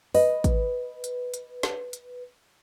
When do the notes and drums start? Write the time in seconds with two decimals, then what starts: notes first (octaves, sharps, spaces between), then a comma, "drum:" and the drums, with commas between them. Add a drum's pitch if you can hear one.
0.15 B4 D#5, drum: open hi-hat
0.44 drum: kick, hi-hat
1.04 drum: hi-hat
1.34 drum: hi-hat
1.63 drum: snare
1.93 drum: hi-hat